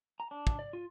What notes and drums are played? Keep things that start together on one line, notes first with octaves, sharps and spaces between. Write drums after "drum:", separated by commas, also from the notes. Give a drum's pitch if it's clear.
A#5
D4
drum: kick
D5
F4